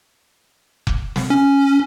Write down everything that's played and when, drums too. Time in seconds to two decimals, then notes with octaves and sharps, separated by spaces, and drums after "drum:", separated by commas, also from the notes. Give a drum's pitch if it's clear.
0.87 drum: kick F1
1.16 drum: snare
1.30 C#4